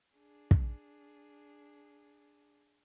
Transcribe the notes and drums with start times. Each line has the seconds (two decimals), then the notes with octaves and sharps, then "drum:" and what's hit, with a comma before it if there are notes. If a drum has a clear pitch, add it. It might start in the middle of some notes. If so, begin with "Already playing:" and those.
0.17 D4 G#4
0.51 drum: kick